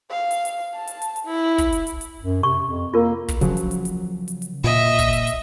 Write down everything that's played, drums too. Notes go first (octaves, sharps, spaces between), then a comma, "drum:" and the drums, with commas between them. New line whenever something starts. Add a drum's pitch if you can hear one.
F5
drum: hi-hat
drum: hi-hat
A5
drum: hi-hat
drum: hi-hat
drum: hi-hat
E4
drum: kick, hi-hat
drum: hi-hat
drum: hi-hat
drum: hi-hat
F#2
C3 C#6
F2
A#3 F4 A#4
drum: kick, hi-hat
C#3 F3 F#3, drum: hi-hat
drum: hi-hat
drum: hi-hat
drum: hi-hat
drum: hi-hat
drum: hi-hat
A#2 D#5 E5
drum: kick, hi-hat
drum: hi-hat
drum: hi-hat